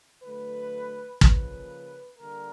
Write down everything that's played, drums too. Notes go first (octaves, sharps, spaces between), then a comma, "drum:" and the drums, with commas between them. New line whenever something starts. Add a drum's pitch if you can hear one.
D3 F#3 A3 B4
C#3 F3 A#3 B4, drum: kick
D3 G3 A#3 A#4